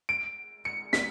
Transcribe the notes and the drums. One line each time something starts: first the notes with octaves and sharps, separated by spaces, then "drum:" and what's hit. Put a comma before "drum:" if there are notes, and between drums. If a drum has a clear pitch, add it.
D7
C#7
B6, drum: snare